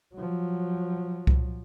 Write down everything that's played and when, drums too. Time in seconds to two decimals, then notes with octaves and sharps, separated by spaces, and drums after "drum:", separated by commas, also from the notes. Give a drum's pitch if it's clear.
0.14 F3 F#3
1.27 drum: kick C2